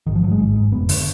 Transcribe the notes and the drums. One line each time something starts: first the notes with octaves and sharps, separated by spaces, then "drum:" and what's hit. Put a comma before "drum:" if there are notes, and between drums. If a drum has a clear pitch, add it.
G#1 D#3
F3
G#2 F#3
G#3
G#1
G#2
F1 B3
D3, drum: open hi-hat